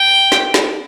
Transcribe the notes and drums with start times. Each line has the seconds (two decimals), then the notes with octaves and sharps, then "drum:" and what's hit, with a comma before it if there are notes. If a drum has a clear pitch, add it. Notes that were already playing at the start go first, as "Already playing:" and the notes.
Already playing: G5
0.32 drum: snare
0.54 drum: snare